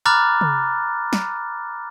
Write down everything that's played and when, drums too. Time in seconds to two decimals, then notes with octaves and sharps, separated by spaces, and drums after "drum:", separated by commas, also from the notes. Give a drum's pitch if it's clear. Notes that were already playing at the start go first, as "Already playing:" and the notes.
0.06 A#5 B5 D6 F6 F#6 A6
0.41 drum: tom
1.13 drum: snare